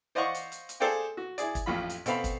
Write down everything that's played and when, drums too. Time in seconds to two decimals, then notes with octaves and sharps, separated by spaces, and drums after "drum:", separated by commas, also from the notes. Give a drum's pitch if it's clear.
0.15 C5 D5 D#5 F5 F#5 C#6
0.35 drum: hi-hat
0.52 drum: hi-hat
0.69 drum: hi-hat
0.80 G#4 A4 C5 D5 F5 G5
1.17 F#4
1.38 E4 G#4 D5, drum: hi-hat
1.55 drum: kick, hi-hat
1.66 A1 F2 F4 B5
1.90 drum: hi-hat
2.06 B2 C4 A4 F5 B5, drum: hi-hat
2.24 drum: kick, hi-hat